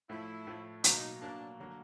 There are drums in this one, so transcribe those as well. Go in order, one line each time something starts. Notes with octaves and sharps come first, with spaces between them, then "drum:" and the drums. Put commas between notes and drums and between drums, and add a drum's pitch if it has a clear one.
A2 F3 A3 E4
A2 F3 A3
B2 F#3 A#3 D#4, drum: hi-hat
B2 F#3 A#3 D4
D3 F#3 A#3